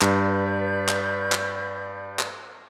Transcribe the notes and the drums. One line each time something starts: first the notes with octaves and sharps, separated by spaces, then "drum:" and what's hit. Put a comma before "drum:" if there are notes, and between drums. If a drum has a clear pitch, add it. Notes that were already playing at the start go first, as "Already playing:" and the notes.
G2 B4 D5 G6, drum: clap
drum: clap
drum: clap
drum: clap